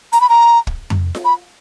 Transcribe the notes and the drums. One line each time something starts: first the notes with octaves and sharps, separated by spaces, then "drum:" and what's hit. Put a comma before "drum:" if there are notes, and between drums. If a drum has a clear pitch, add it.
A#5, drum: hi-hat
B5
A#5
drum: kick
drum: tom F2
drum: snare F4
B5